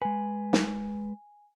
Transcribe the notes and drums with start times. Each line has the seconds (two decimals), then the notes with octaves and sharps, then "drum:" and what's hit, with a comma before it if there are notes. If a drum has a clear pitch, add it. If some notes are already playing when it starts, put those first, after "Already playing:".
0.02 G#3 B4 G#5
0.53 drum: snare